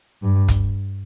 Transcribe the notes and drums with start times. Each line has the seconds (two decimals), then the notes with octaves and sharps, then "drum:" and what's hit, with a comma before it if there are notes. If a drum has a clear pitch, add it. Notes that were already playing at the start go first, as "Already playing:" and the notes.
0.23 G2
0.48 drum: kick, hi-hat